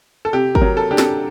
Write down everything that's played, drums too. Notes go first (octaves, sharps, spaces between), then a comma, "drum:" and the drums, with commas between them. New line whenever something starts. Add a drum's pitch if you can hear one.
A4
C3 G4
A#4, drum: kick
F#3
A4
D4 G4
A4, drum: snare